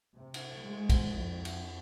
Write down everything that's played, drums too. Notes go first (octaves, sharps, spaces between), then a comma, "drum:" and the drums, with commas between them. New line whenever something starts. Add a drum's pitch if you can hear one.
C3
drum: cymbal
G#3
drum: kick, cymbal
F2
drum: cymbal